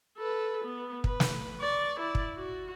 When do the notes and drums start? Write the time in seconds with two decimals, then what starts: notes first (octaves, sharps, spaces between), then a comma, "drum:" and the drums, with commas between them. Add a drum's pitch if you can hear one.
0.17 A4 B4
0.64 B3
1.04 B4, drum: kick
1.20 drum: snare
1.61 D5 C#6
2.00 E4 D5
2.15 drum: kick
2.36 F#4